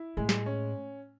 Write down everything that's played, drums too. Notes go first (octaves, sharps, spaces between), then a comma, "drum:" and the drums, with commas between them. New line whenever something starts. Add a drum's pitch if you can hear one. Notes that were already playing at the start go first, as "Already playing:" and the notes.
Already playing: E4
A2 G#3
drum: snare
C#4